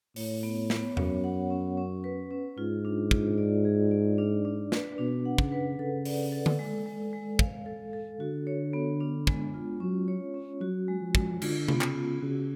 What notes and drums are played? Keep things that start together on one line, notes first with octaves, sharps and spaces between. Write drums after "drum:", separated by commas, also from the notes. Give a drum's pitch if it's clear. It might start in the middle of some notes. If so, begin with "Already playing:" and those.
A2 C#5, drum: open hi-hat
B3
B3, drum: snare
F#2 C#5, drum: tom E2
F#5
C#4
C#4
B4
C#4
G#2 F4
D4
F4, drum: kick
D5
G#4
D5
D4
D4
B4, drum: snare
B2 D4
F#5
C#3, drum: kick
B4
C#3 A4
D5, drum: open hi-hat
A4
drum: tom D3
G#3
G#3
G#3
F5, drum: kick
A4
A4
D3 F#4
C#5
B3
D4
G#3, drum: kick
F4
F#3 C#4
C#5
C#4
F#3 F#4
G#3
F3
G#3, drum: kick
D3 F4, drum: cymbal
B3, drum: tom C3
C#3, drum: clap
F4
C#3 F#4